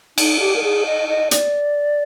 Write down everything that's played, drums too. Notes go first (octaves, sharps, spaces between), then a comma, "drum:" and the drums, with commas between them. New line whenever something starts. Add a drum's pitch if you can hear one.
D#4, drum: cymbal
G4
A#4
G#4
D#5
D#5
D5, drum: hi-hat